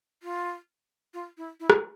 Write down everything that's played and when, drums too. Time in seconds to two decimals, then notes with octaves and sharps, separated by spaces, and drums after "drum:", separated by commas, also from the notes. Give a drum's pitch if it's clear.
0.23 F4
1.14 F4
1.37 E4
1.60 E4
1.70 drum: rim click